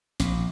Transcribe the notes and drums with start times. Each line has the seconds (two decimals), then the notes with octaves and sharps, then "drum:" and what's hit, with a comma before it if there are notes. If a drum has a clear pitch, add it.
0.20 A#1, drum: snare